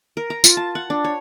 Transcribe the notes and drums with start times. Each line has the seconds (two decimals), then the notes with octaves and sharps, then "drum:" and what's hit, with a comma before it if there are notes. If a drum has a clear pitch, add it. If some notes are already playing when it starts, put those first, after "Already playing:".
0.17 A#4
0.30 A#5
0.44 F4, drum: tambourine
0.57 A5
0.75 F#5
0.90 D4
1.04 C#5